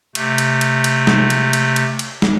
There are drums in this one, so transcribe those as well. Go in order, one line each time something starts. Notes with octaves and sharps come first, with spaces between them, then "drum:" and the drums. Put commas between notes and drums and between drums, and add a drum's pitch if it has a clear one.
C3 A3, drum: cymbal
drum: cymbal
drum: cymbal
drum: cymbal
drum: snare
drum: cymbal
drum: cymbal
drum: cymbal
drum: cymbal
drum: snare